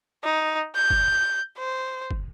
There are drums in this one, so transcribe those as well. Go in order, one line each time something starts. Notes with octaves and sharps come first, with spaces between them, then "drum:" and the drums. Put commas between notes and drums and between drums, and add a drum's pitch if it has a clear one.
D#4
G6
drum: kick
C5
drum: kick